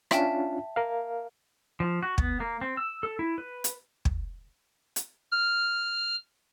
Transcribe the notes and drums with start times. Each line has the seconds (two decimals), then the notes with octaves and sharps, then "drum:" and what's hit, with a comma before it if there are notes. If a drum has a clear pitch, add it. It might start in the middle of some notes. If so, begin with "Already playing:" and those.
0.11 C#4 D4 F4 E5 G5 A5, drum: rim click
0.76 A#4 F5
1.80 F3
2.03 F#4
2.18 B3, drum: kick
2.40 A#3
2.61 C4
2.77 E6
3.03 A4
3.19 E4
3.38 B4
3.64 drum: hi-hat
4.05 drum: kick
4.96 drum: hi-hat
5.32 F6